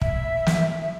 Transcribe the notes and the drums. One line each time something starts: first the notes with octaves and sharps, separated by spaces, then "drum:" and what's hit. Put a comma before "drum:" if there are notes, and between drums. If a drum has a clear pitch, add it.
E5, drum: kick
drum: snare
E5